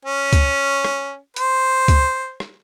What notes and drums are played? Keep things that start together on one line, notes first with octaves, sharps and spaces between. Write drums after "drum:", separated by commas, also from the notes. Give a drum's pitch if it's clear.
C#4
drum: kick C#2, hi-hat
drum: rim click
C5, drum: hi-hat
drum: kick C#2, hi-hat
drum: rim click